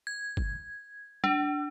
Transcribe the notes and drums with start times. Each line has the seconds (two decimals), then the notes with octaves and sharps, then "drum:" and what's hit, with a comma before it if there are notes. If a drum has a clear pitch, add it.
0.07 G#6
0.37 drum: kick G1
1.24 D4, drum: tom G3